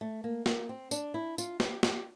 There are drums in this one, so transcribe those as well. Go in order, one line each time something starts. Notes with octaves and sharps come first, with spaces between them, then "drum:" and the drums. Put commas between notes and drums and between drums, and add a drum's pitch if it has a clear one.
A3
A#3
A#3, drum: snare
C4
D4, drum: tambourine
E4
F4, drum: tambourine
G4, drum: snare
G4, drum: snare